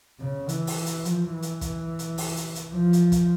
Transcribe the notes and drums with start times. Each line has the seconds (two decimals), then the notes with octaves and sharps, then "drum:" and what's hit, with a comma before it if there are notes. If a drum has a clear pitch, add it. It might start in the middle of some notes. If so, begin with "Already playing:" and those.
0.20 C#3
0.49 E3, drum: hi-hat
0.67 drum: open hi-hat
0.86 drum: hi-hat
1.05 F3, drum: hi-hat
1.33 E3
1.42 drum: hi-hat
1.61 drum: kick, hi-hat
1.99 drum: hi-hat
2.18 drum: open hi-hat
2.37 drum: hi-hat
2.55 drum: hi-hat
2.74 F3
2.93 drum: hi-hat
3.12 drum: kick, hi-hat